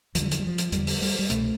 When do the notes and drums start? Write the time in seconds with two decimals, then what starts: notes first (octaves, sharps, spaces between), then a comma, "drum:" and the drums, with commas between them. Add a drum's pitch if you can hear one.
0.15 E2 D3 F3, drum: hi-hat
0.22 G3
0.31 F3, drum: hi-hat
0.39 G3
0.47 F3
0.58 drum: hi-hat
0.72 E2 D3 G3, drum: hi-hat
0.87 drum: open hi-hat
1.02 G3, drum: open hi-hat
1.19 G3
1.30 C2 B2 A3, drum: hi-hat